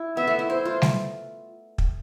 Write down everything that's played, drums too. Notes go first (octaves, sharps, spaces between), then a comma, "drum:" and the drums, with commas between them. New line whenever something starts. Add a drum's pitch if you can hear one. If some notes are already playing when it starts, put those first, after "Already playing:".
Already playing: E4
B3 E5
A3
E4
E4 C5
F4
drum: snare
drum: kick